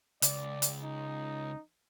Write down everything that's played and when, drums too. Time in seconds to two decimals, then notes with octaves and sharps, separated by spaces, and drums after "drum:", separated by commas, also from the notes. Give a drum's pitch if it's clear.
0.22 C#2 D5, drum: hi-hat
0.62 drum: hi-hat
0.83 D#4